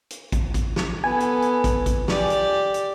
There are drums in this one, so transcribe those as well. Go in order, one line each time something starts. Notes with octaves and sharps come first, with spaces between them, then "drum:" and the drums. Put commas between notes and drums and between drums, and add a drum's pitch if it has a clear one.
drum: hi-hat
drum: kick, hi-hat
drum: kick, hi-hat
drum: snare
B3 A4 G#5
drum: hi-hat
drum: hi-hat
drum: kick, hi-hat
drum: kick, hi-hat
G4 D5, drum: snare
drum: hi-hat
drum: hi-hat